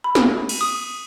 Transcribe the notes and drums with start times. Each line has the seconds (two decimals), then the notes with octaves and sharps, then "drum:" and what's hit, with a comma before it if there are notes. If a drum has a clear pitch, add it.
0.04 B5
0.15 drum: snare
0.49 drum: cymbal
0.61 D#6